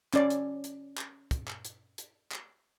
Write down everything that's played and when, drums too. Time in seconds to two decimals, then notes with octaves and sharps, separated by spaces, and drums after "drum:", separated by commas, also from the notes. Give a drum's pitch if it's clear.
0.14 C#4 D5, drum: clap
0.30 drum: hi-hat
0.64 drum: hi-hat
0.97 drum: clap
1.31 drum: kick, hi-hat
1.48 drum: clap
1.65 drum: hi-hat
1.98 drum: hi-hat
2.32 drum: clap